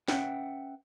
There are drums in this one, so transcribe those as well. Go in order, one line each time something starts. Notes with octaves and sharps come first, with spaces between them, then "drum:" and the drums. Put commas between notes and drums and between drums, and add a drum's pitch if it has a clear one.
C#4 B4 E5 F#5 G5, drum: snare